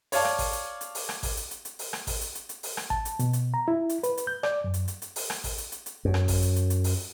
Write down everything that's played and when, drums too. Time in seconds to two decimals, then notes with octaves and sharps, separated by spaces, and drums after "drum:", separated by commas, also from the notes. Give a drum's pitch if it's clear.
0.12 C#5 D5 F5 A5, drum: open hi-hat
0.25 drum: rim click
0.39 drum: kick G#1, open hi-hat
0.53 drum: hi-hat
0.81 drum: hi-hat
0.95 drum: open hi-hat
1.09 drum: rim click
1.23 drum: kick G#1, open hi-hat
1.37 drum: hi-hat
1.51 drum: hi-hat
1.65 drum: hi-hat
1.79 drum: open hi-hat
1.93 drum: rim click
2.07 drum: kick G#1, open hi-hat
2.21 drum: hi-hat
2.35 drum: hi-hat
2.49 drum: hi-hat
2.63 drum: open hi-hat
2.77 drum: rim click
2.90 A5, drum: kick G#1
3.05 drum: hi-hat
3.19 B2, drum: hi-hat
3.33 drum: hi-hat
3.54 A#5
3.68 E4
3.89 drum: hi-hat
4.03 B4, drum: hi-hat
4.17 drum: hi-hat
4.27 G6
4.43 D5, drum: rim click
4.64 F#2
4.74 drum: hi-hat
4.88 drum: hi-hat
5.02 drum: hi-hat
5.16 drum: open hi-hat
5.30 drum: rim click
5.44 drum: kick G#1, open hi-hat
5.58 drum: hi-hat
5.72 drum: hi-hat
5.86 drum: hi-hat
6.05 F#2
6.14 drum: rim click
6.28 drum: kick G#1, open hi-hat
6.42 drum: hi-hat
6.56 drum: hi-hat
6.70 drum: hi-hat
6.84 drum: open hi-hat